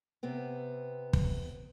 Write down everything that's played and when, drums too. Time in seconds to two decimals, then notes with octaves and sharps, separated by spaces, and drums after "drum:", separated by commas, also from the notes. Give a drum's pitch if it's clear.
0.23 C3 B3 C4
1.13 drum: kick